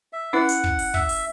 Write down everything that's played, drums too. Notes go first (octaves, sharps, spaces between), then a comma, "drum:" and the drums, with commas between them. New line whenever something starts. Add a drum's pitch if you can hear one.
E5
C#4 E4 B4 F#5
drum: hi-hat
drum: kick
drum: open hi-hat
E5, drum: kick
drum: open hi-hat